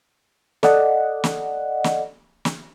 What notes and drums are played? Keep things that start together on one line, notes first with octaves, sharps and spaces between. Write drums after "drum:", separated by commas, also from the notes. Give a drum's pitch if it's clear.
A4 D5 D#5 F#5, drum: snare
drum: snare
drum: snare
drum: snare